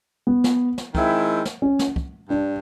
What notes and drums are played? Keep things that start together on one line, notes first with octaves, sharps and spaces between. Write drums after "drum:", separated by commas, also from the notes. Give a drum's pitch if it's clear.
B3
drum: snare
drum: snare
D#3 G#3 C4 E4, drum: kick
drum: snare
C#4
drum: snare
drum: kick
G2 D4